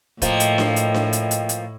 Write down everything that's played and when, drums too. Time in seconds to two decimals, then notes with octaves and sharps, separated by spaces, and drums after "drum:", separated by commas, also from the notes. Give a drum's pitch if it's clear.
0.22 A2 F3 A#3 D#5 G5, drum: kick, hi-hat
0.40 drum: hi-hat
0.58 drum: snare D4
0.76 drum: hi-hat
0.94 drum: snare D4
1.13 drum: hi-hat
1.31 drum: hi-hat
1.49 drum: hi-hat